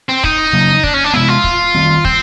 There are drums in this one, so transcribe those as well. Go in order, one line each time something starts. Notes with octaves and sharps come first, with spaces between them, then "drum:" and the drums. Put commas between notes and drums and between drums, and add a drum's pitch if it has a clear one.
C4
D#4, drum: kick
C#3 F#3 A#3
D4, drum: kick
C#4
D4
C3 D#3 G#3 B3 E4
F4
drum: kick
D#3 G3 C4
C4, drum: kick